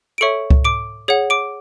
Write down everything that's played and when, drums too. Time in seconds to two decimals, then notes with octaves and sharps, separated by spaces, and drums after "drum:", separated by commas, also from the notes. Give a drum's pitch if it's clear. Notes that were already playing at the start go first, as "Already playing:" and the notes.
0.18 D7
0.21 A4 C#5 E5 C#6 C#7
0.50 drum: kick C#2
0.65 D6 D7
1.08 G#4 C#5 F#5
1.30 D6 D7